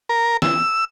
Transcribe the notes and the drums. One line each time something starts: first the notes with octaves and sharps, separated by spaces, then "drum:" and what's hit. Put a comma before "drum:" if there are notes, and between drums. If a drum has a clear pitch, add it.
A#4
E6, drum: snare